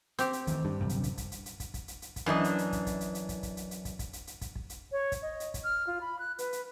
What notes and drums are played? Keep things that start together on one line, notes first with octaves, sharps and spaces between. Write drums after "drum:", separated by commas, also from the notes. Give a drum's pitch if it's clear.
C4 G4, drum: hi-hat
drum: hi-hat
D#3 E3 A3, drum: kick, hi-hat
G2
D#1 F#2 C3
drum: hi-hat
drum: kick, hi-hat
drum: kick, hi-hat
drum: hi-hat
drum: hi-hat
drum: kick, hi-hat
drum: kick, hi-hat
drum: hi-hat
drum: hi-hat
drum: kick, hi-hat
F#2 E3 D4 D#5
drum: hi-hat
drum: hi-hat
drum: kick, hi-hat
drum: kick, hi-hat
drum: hi-hat
drum: hi-hat
drum: kick, hi-hat
drum: kick, hi-hat
drum: hi-hat
drum: hi-hat
drum: kick, hi-hat
drum: kick, hi-hat
drum: hi-hat
drum: hi-hat
drum: kick, hi-hat
drum: kick
drum: hi-hat
C#5
drum: kick, hi-hat
D#5
drum: hi-hat
drum: kick, hi-hat
F6
F4
B5
F#6
B4, drum: hi-hat
drum: hi-hat